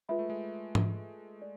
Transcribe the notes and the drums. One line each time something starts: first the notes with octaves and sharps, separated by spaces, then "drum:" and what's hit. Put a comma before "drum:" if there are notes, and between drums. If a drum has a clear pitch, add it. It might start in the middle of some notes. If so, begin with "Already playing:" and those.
G#3 F4 B4 E5 B5
A3
G#3
drum: tom G#2
D5